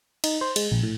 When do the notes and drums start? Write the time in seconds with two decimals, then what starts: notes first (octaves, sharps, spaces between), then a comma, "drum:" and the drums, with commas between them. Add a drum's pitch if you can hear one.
0.24 D#4, drum: cymbal
0.41 C5
0.56 G#3, drum: cymbal
0.71 A#1
0.83 A2